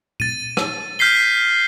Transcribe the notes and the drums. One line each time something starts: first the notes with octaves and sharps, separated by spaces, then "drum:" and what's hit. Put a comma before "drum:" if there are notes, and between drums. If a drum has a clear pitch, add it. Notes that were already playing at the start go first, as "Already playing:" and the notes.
A6 D#7, drum: tom A#2
drum: rim click
F6 G6 B6 C7 G7